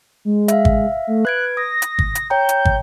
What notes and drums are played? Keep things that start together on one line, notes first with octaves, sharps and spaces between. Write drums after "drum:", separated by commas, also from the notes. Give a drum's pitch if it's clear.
G#3
E5 F5, drum: hi-hat
drum: kick
A3
B4 F#6 G#6 D7
D#6 A#6
drum: hi-hat
drum: kick
drum: hi-hat
C#5 G5 A#5 G6
drum: hi-hat
drum: kick